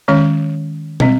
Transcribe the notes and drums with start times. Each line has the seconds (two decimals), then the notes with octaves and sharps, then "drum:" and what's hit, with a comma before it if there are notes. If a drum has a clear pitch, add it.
0.08 D#3 G#3 C#4 C#5
1.00 G3 C4 D#5, drum: tom